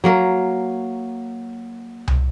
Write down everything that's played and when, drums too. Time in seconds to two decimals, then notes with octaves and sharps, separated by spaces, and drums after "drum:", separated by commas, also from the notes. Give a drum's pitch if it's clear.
0.04 F#3 A#3 A#4
2.08 drum: tom C2